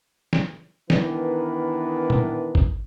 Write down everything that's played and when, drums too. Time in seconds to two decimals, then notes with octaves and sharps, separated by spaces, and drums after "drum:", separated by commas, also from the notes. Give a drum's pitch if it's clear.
0.33 drum: snare
0.90 D#3 E3 B3 D4 A#4 B4, drum: snare
2.10 drum: tom
2.55 drum: kick G1